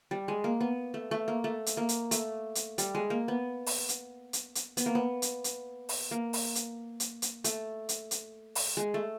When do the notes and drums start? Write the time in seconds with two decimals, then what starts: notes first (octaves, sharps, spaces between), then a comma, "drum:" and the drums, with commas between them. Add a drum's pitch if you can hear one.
0.11 G3
0.28 G#3
0.44 A#3
0.61 B3
0.94 A3
1.11 A3
1.28 A#3
1.44 A3
1.66 drum: hi-hat
1.77 A#3
1.89 drum: hi-hat
2.11 A3, drum: hi-hat
2.55 drum: hi-hat
2.78 G3, drum: hi-hat
2.95 G#3
3.10 A#3
3.28 B3
3.66 drum: open hi-hat
3.89 drum: hi-hat
4.33 drum: hi-hat
4.55 drum: hi-hat
4.77 B3, drum: hi-hat
4.86 A#3
4.95 B3
5.22 drum: hi-hat
5.44 drum: hi-hat
5.89 drum: open hi-hat
6.11 A#3
6.33 drum: open hi-hat
6.55 drum: hi-hat
7.00 drum: hi-hat
7.22 drum: hi-hat
7.44 A3, drum: hi-hat
7.89 drum: hi-hat
8.11 drum: hi-hat
8.55 drum: open hi-hat
8.77 G#3
8.94 A3